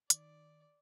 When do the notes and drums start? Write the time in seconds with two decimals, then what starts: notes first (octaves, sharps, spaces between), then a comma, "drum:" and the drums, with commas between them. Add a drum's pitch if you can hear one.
0.10 D#3 D5, drum: hi-hat